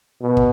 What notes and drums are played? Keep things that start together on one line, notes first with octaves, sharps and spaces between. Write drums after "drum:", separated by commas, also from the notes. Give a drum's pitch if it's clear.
B2
drum: kick